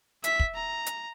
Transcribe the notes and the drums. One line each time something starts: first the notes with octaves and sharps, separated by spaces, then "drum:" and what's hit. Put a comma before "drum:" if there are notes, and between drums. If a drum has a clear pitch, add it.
E5 B6, drum: hi-hat
drum: kick
A#5
drum: hi-hat